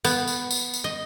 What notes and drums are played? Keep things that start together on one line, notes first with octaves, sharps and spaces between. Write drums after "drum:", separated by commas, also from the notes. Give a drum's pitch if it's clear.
B3, drum: tambourine
drum: tambourine
drum: tambourine
drum: tambourine
D#5